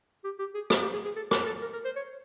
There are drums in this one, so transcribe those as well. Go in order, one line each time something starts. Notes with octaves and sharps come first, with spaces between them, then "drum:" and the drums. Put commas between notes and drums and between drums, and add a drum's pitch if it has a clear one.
G4
G4
G#4
drum: rim click
G4
G#4
G#4
A4
A#4, drum: rim click
A4
A#4
A#4
C5
C#5